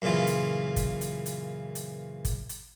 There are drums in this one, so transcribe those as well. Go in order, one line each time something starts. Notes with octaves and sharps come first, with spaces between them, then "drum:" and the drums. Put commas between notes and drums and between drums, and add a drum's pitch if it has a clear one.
F#2 A#2 C#3 E3 F4
drum: hi-hat
drum: kick, hi-hat
drum: hi-hat
drum: hi-hat
drum: hi-hat
drum: kick, hi-hat
drum: hi-hat